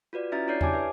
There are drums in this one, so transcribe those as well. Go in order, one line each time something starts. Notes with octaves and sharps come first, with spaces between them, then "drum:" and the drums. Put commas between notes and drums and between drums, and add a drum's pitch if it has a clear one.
F4 F#4 B4 D5
C#4 E4 F#4 E5 A#5 A6
D4 E4 C#5 D5 G6 C7
G4 C#5 G#5 A5 D6, drum: tom E2
B4 E5